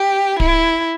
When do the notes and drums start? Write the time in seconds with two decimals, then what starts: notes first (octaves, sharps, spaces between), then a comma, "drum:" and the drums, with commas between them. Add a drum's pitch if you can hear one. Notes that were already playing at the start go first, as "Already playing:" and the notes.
Already playing: G4
0.40 E4, drum: kick D1